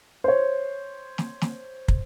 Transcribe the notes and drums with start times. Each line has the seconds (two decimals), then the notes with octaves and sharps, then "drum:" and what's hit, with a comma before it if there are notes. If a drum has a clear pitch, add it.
0.24 C5 C#5
1.18 drum: snare
1.41 drum: snare
1.88 drum: kick